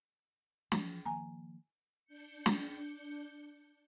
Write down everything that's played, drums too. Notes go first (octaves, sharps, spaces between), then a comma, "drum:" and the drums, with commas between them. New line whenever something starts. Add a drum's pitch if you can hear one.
E3 F3, drum: snare
D#3 F3 A#3 G#5 A#5
D4 G6 C#7
drum: snare